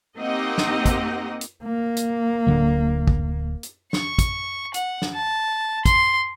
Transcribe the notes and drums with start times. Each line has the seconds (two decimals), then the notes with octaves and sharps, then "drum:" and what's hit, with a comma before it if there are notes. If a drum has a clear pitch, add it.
0.19 A#3 C4 D#4 G4 D#5 F#5
0.58 drum: snare
0.86 drum: kick, hi-hat
1.41 drum: hi-hat
1.63 A#3
1.97 drum: hi-hat
2.47 D1 D3 F#3
3.08 drum: kick
3.63 drum: hi-hat
3.93 C#6, drum: snare
4.19 drum: kick, hi-hat
4.74 F#5, drum: hi-hat
5.02 drum: snare
5.15 A5
5.85 C6, drum: kick, hi-hat